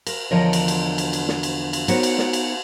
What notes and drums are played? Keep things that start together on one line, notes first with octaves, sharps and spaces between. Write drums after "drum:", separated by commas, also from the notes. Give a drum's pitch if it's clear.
A#4, drum: cymbal
E2 D3 F3 A#4 C#5 D#5
drum: cymbal
drum: cymbal
drum: cymbal
drum: cymbal
drum: snare
drum: cymbal
drum: cymbal
B3 D#4 F#4 A#4 C5 C#5, drum: cymbal
drum: cymbal
drum: snare
drum: cymbal